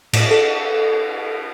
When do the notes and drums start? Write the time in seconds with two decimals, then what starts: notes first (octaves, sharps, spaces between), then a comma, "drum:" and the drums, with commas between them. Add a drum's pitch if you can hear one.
0.13 A2, drum: cymbal
0.31 A4